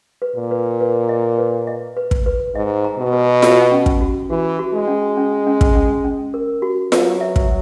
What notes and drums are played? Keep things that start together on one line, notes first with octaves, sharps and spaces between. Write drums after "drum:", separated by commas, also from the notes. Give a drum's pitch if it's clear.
B4
A#2
B4
B4
D#5
B4
D#5
B4
drum: kick
B4
G#2 D#5
A#5
B2
B4
F#4, drum: snare F4
C#4
drum: kick
F#4
E3 F#4
F#4
G#3
C#4
C#4
C#4
drum: kick
C#4
C#4
A#4
F#4
F#3 B4, drum: snare F4
E5
drum: kick